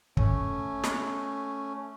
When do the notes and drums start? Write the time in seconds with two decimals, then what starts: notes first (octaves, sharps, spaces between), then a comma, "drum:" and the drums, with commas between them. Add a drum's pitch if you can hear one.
0.17 A3 C#4, drum: kick
0.84 drum: snare